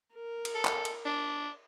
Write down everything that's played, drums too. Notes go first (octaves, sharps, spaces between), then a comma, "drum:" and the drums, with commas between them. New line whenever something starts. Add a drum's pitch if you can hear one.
A#4
drum: cymbal
A4
drum: clap
drum: cymbal
D4